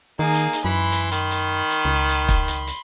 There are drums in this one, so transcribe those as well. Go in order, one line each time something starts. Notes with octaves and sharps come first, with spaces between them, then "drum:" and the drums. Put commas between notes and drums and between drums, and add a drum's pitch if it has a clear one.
D#3 A#3 D#4 G#4
drum: hi-hat
drum: hi-hat
F#2 E3 B5 C6
drum: hi-hat
D#3, drum: hi-hat
drum: hi-hat
drum: hi-hat
C#2
drum: hi-hat
drum: kick, hi-hat
drum: hi-hat
drum: hi-hat